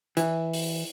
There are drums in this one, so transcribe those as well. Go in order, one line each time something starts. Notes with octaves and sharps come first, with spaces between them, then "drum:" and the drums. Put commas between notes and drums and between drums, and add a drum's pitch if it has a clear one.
E3, drum: hi-hat
drum: open hi-hat